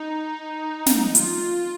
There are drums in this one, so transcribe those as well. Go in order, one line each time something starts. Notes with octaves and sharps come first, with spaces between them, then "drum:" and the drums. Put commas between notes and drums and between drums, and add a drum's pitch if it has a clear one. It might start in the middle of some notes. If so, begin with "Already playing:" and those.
Already playing: D#4
drum: snare
F4, drum: hi-hat